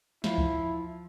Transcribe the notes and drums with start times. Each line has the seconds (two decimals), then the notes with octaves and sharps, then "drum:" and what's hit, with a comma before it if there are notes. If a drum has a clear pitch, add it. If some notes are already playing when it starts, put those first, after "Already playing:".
0.24 F3 E4, drum: snare
0.38 drum: kick C#2